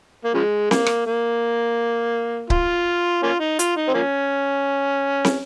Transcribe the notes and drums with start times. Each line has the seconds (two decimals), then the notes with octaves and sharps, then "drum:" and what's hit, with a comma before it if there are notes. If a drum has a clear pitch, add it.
0.24 A#3
0.34 C#3 F3 G#3
0.71 A#3, drum: snare
0.86 drum: rim click
1.07 A#3
2.50 F4, drum: kick C#1
3.23 A#3 C#4 F4
3.40 D#4
3.59 F4, drum: hi-hat
3.76 D#4
3.88 C4
3.94 F3 A#3 C#4
5.25 drum: snare